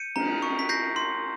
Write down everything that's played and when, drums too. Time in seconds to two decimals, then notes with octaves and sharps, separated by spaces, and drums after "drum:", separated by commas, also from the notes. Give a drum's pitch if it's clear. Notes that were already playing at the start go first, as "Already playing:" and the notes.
Already playing: G6 C#7 D#7
0.16 A#5, drum: cymbal
0.42 C#6
0.59 B6
0.69 G6 A#6 C7
0.96 C6